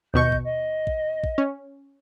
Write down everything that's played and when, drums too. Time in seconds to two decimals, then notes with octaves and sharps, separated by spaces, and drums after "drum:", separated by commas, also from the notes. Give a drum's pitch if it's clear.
0.14 D#2 B2 D#5 C#6 G6
0.32 drum: kick
0.43 D#5
0.87 drum: kick
1.24 drum: kick
1.38 C#4